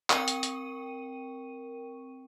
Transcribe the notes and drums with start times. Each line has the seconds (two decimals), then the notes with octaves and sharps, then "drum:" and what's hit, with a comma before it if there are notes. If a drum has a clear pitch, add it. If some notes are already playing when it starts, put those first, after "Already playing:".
0.10 C4 A#4 G5 C#6 D#7, drum: clap
0.28 drum: hi-hat
0.43 drum: hi-hat